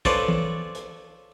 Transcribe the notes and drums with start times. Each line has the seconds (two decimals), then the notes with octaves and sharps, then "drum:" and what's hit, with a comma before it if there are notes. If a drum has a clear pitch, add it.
0.05 C#4 F4 A4 B4 C5 D5, drum: kick
0.28 drum: tom E3
0.75 drum: hi-hat